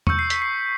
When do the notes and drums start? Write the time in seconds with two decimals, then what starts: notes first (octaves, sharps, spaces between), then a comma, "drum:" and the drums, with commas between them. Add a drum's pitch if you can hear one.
0.07 C#6 E6 G6 C#7, drum: tom E2
0.19 C7
0.30 B6, drum: hi-hat
0.42 C7